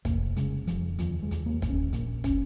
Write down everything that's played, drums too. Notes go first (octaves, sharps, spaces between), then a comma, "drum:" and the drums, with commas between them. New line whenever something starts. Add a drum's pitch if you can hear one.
F1 A#3, drum: kick, hi-hat
C#3 G#3, drum: hi-hat
F1 F3, drum: hi-hat
D#2 F3, drum: hi-hat
G#3
D#2, drum: hi-hat
A#3
D#2, drum: kick, hi-hat
C#4
A#1 A#3, drum: hi-hat
C#4, drum: kick, hi-hat